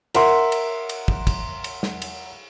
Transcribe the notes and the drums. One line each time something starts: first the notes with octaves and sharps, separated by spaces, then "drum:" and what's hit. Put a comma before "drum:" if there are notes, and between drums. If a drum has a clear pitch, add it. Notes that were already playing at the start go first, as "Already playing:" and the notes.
A#4 E5 F#5 C6, drum: cymbal
drum: cymbal
drum: cymbal
drum: kick
drum: kick, cymbal
drum: cymbal
drum: snare
drum: cymbal